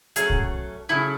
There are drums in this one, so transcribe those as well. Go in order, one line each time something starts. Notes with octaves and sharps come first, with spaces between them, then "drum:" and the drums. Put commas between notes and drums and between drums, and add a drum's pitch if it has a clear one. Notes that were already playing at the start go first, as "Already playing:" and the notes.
F#3 A3 C#4 G#4, drum: hi-hat
drum: kick
C#3 F#3 A3 E4